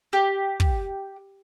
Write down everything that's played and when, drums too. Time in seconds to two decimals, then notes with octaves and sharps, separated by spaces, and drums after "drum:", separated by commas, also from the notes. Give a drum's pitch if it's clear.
0.13 G4
0.60 drum: kick